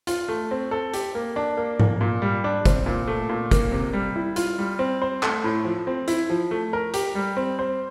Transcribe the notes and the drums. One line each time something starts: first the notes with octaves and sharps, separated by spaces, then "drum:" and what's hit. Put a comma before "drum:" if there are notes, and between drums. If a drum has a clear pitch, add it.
F4, drum: hi-hat
A3
C4
A4
G4, drum: hi-hat
A#3
D4
A#3
A#3, drum: tom G#2
A#2
G3
D4
C4, drum: kick, hi-hat
A#2
A3
A#2
A#3, drum: kick, hi-hat
C3
G3
E4
F4, drum: hi-hat
G3
C4
C5
A3, drum: clap
A2
F3
C4
E4, drum: hi-hat
F3
A3
A#4
G4, drum: hi-hat
G3
C4
C5